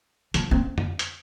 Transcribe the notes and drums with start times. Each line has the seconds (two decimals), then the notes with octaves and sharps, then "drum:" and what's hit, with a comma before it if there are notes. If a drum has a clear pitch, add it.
0.34 F3, drum: hi-hat
0.51 C4
0.78 drum: tom
0.99 drum: hi-hat